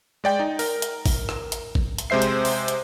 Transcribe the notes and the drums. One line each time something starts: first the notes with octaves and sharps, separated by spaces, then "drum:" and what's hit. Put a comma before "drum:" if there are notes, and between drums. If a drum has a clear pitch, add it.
G#3 D5 G5
D#4
A#4, drum: open hi-hat
drum: hi-hat
drum: kick, open hi-hat
drum: rim click
drum: hi-hat
drum: kick
drum: hi-hat
C3 G#3 C5 E5 C7
drum: hi-hat
drum: open hi-hat
drum: hi-hat